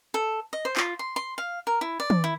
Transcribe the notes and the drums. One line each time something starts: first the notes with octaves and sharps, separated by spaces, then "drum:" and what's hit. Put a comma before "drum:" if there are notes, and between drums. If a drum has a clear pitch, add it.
A4
D#5
C5
F4, drum: clap
C6
C6
F5
A#4
E4
D5
drum: tom
E4